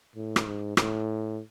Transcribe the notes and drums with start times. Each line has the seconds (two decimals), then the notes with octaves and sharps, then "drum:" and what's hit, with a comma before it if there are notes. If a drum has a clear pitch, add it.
0.16 A2
0.36 drum: rim click
0.46 G#2
0.77 A2, drum: rim click